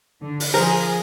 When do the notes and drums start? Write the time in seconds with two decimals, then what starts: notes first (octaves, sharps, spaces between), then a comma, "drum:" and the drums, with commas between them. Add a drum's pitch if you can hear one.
0.22 D3
0.40 drum: open hi-hat
0.54 F3 G#4 A#4 C5